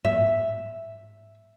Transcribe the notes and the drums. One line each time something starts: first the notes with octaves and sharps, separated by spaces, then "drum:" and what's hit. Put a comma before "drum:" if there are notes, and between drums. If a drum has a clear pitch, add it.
E5, drum: tom G#2